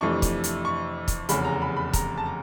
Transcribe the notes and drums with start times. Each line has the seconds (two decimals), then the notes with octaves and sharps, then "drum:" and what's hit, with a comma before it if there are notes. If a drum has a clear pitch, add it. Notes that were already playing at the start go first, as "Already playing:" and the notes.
0.01 F2 C3 E3 A3 D4 C#6
0.22 drum: kick, hi-hat
0.44 drum: hi-hat
0.65 C#6
1.08 drum: kick, hi-hat
1.29 F1 E2 C#3 B5, drum: hi-hat
1.45 A#5
1.62 B5
1.76 B5
1.93 A#5, drum: kick, hi-hat
2.18 A5
2.26 A#5